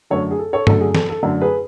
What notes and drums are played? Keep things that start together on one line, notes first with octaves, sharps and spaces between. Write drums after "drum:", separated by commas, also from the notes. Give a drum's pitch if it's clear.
F#2 D3 A3 A4 C#5
G#4
A4
A4 C#5
F#2 D3 A3 A4, drum: tom G2
G#4
A4, drum: snare
A4
F#2 D3 A3 A4
G#4 B4